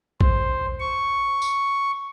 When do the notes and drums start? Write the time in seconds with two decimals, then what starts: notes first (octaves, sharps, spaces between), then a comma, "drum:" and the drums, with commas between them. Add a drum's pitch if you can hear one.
0.21 C5, drum: kick
0.79 C#6
1.42 drum: tambourine